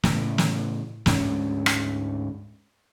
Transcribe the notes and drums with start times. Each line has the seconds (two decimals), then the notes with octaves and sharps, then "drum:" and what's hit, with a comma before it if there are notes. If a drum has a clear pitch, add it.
0.03 A2 C#3 E3, drum: snare
0.38 drum: snare
1.06 D2 G#2 B3 C#4, drum: snare
1.66 drum: rim click